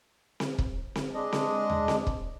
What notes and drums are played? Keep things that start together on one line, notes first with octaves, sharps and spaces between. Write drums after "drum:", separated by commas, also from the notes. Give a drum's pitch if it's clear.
drum: snare C4
drum: kick
drum: snare C4
G#3 D4 D#5
drum: snare C4
drum: tom D#2
drum: snare C4
drum: kick